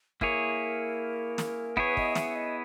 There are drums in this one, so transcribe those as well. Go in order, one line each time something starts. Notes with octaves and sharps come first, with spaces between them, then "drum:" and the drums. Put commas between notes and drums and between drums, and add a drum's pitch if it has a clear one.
A#3 E4 G#4 A#4 C#5, drum: kick
drum: snare
B3 E4 G#4 B4 C#5, drum: kick
D#5, drum: kick
E5, drum: snare
D#5